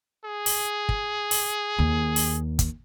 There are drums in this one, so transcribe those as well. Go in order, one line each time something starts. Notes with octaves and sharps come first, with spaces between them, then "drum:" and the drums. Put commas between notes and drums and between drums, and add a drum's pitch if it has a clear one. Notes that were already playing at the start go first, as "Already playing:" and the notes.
G#4
drum: open hi-hat
drum: kick
drum: open hi-hat
D#2
drum: open hi-hat
drum: kick, hi-hat